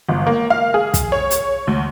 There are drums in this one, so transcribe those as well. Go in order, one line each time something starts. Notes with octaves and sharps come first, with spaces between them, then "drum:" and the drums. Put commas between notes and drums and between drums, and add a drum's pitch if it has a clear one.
G1
A#3
F5
G#4
drum: kick, hi-hat
C#5
drum: hi-hat
D2